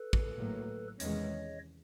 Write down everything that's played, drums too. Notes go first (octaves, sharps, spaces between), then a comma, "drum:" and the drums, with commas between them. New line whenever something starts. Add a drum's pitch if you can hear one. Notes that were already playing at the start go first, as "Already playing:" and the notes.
Already playing: A4 B4
drum: kick
A2 F#3 A#3
E2 C3 D#3 G#3 C#4 C#5 D#5, drum: hi-hat